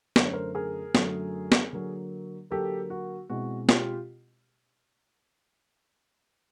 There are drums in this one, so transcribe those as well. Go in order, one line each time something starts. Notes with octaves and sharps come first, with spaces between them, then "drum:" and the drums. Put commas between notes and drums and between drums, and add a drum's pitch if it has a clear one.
F#2 D3 F#3 A3 C5, drum: snare
C#5
A#4 C5
G#4 A#4
F#2 D3 F#3 A3, drum: snare
drum: snare
D3 F#3 A#3
D3 F#3 A#3 G4 A4
F#4
B2 G#3 C4 E4 F#4
F4 G4, drum: snare